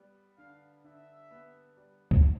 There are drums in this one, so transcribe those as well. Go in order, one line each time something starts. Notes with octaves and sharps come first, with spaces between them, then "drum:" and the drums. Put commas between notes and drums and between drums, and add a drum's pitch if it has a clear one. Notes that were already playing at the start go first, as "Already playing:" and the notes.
Already playing: G3 B3
D3 F5
D3 E5
B3
G3
drum: kick
D3